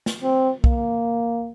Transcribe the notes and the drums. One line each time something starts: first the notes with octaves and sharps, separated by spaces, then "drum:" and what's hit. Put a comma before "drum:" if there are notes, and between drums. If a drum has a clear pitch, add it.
drum: snare
C4
A#3, drum: kick